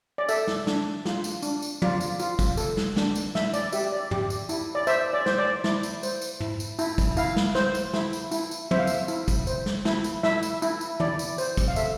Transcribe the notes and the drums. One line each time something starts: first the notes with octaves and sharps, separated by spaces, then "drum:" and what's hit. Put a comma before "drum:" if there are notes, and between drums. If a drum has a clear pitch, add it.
D5
A4 E5, drum: tambourine
drum: snare
D4, drum: snare
F4, drum: snare
drum: tambourine
D4, drum: tambourine
drum: tambourine
F4 D5, drum: tom
drum: tambourine
F4, drum: tambourine
drum: kick, tambourine
A4, drum: tambourine
drum: snare
D4, drum: snare
drum: tambourine
E4 E5, drum: snare
D5, drum: tambourine
G4 E5, drum: tambourine
D5
G4, drum: tom
drum: tambourine
E4, drum: tambourine
D5
C5 E5, drum: tambourine
D5
C5, drum: snare
D5
E4, drum: snare
drum: tambourine
C5, drum: tambourine
drum: tambourine
E4, drum: tom
drum: tambourine
E4, drum: tambourine
drum: kick, tambourine
E4 F5, drum: tambourine
drum: snare
C5, drum: snare
drum: tambourine
E4, drum: snare
drum: tambourine
E4, drum: tambourine
drum: tambourine
C5 E5, drum: tom
F5
E5, drum: tambourine
E4, drum: tambourine
drum: kick, tambourine
C5, drum: tambourine
drum: snare
E4, drum: snare
drum: tambourine
E4 E5, drum: snare
drum: tambourine
E4, drum: tambourine
drum: tambourine
E4 D5, drum: tom
drum: tambourine
C5, drum: tambourine
drum: kick, tambourine
F5
A4 E5, drum: tambourine